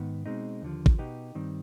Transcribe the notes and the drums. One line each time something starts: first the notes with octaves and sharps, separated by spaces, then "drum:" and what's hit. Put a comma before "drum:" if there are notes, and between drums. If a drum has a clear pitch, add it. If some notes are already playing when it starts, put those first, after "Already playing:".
Already playing: G#2 D#3 B3
B2 G#3 C4 D#4
D#2 D3 F3
drum: kick
B2 B3 D#4 G4
G2 D#3 G3 C4